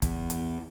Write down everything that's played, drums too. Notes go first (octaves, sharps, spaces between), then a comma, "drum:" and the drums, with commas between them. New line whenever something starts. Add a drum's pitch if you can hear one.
E2, drum: kick, hi-hat
drum: hi-hat